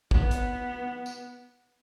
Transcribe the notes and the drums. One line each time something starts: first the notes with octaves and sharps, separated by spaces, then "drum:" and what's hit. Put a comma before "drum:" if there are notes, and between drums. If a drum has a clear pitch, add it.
B3, drum: kick
drum: hi-hat
drum: tambourine